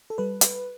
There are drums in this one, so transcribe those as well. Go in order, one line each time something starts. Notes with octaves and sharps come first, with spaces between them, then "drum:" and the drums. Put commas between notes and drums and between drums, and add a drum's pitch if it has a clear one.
A4
G3 B4
drum: hi-hat